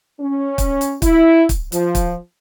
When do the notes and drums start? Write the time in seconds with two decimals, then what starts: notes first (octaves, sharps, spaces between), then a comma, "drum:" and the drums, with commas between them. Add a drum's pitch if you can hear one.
0.19 C#4
0.58 drum: kick, hi-hat
0.81 drum: hi-hat
1.02 E4, drum: kick, hi-hat
1.49 drum: kick, hi-hat
1.72 F3, drum: hi-hat
1.95 drum: kick, hi-hat